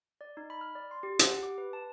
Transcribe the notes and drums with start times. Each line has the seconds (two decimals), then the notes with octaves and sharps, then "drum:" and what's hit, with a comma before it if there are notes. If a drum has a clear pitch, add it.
0.21 D5
0.37 D#4
0.50 B5
0.61 F6
0.75 D5
0.91 C6
1.03 G4
1.19 F#5, drum: hi-hat
1.30 G4
1.43 D6
1.58 B4
1.73 A5